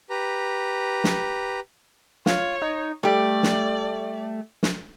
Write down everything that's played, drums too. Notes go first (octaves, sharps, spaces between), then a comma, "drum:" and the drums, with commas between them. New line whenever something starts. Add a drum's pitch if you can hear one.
G4 B4 A#5
drum: snare
F4 C#5, drum: snare
D#4
G3 A3 G4 D5
drum: snare
drum: snare